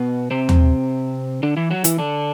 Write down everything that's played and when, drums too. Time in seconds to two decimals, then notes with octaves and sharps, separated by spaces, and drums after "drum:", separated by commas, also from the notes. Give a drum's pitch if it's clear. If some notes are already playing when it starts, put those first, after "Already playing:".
Already playing: B2 B3
0.31 C3 C4
0.49 drum: tom D#2
1.43 D3 D4
1.57 E3 E4
1.71 F#3 F#4
1.84 E3 E4, drum: hi-hat
1.99 D3 D4